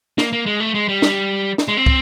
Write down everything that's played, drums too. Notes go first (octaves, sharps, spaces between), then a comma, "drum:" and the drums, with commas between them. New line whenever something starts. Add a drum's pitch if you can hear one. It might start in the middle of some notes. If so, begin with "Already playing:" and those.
A#3, drum: snare
A#3
G#3
A3
G#3
G3
drum: snare
drum: snare
G#3
C4
drum: kick